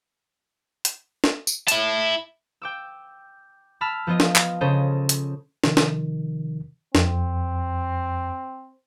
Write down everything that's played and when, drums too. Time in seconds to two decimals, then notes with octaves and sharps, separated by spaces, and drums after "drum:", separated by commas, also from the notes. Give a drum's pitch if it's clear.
0.85 drum: hi-hat
1.24 drum: snare
1.47 drum: tambourine
1.68 E4 A5, drum: hi-hat
2.62 G5 D6 E6
3.81 A5 B5 E6 F6
4.07 F3 B3 F4 D#5
4.20 drum: snare
4.36 drum: clap
4.61 C#3 C#4 A4 C5 D#5
5.09 drum: hi-hat
5.64 C3 D#3 F3, drum: snare
5.77 drum: snare
6.95 F2 C4, drum: snare